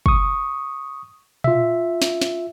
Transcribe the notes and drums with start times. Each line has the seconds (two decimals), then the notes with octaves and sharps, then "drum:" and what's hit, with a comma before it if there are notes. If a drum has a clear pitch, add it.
0.06 C#6 D#6, drum: kick
1.44 F4 E5, drum: tom A#2
2.02 drum: snare
2.22 drum: snare